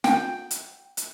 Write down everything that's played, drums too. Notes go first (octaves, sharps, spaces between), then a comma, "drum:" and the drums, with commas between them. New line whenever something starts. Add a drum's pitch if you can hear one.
G5, drum: snare
drum: hi-hat
drum: hi-hat